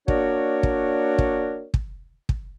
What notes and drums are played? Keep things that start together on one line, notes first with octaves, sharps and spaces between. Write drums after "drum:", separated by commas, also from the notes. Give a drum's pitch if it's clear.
A#3 D4 F#4 A#4 C#5 D5, drum: kick
drum: kick
drum: kick
drum: kick
drum: kick